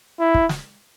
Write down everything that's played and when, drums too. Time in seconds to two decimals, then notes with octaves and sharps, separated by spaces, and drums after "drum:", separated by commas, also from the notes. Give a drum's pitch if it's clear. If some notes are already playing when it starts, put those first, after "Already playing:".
0.19 E4
0.35 drum: kick
0.49 drum: snare